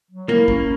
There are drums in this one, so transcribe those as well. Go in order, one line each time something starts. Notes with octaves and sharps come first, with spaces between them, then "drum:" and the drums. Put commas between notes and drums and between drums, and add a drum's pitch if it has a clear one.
F#3
A#3 E4
C#4, drum: kick